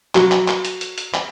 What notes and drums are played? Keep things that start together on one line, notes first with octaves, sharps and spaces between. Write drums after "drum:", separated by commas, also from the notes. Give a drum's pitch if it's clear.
F#3, drum: clap
drum: clap
drum: clap
drum: hi-hat
drum: hi-hat
drum: hi-hat
drum: clap